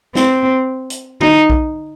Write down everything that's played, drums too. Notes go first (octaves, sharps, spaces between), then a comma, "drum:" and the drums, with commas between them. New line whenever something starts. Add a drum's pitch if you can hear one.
C4, drum: snare
drum: hi-hat
D#4, drum: tom D3
drum: kick